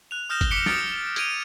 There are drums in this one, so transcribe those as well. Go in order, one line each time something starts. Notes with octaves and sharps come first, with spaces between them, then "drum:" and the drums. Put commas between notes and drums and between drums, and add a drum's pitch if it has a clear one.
F#6 F7
D#6 F6 G6 A#6 E7 G7
drum: kick, hi-hat
D6 B6 C#7 D7 G7
D#6 F6 A6 B6 D7 G7, drum: snare
G#6 B6 D7 D#7 F7, drum: hi-hat